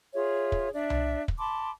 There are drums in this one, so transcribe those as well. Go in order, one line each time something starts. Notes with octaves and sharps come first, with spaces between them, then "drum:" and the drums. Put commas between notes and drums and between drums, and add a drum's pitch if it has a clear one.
F4 G#4 C#5 E5
drum: kick
D4 D5 E5
drum: tom C2
drum: kick
A5 B5 C6 D6